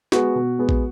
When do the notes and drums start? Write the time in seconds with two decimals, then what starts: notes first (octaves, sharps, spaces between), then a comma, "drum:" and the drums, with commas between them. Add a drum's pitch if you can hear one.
0.12 G#3 B3 F#4, drum: snare
0.35 B2
0.59 G#3 B3
0.69 drum: kick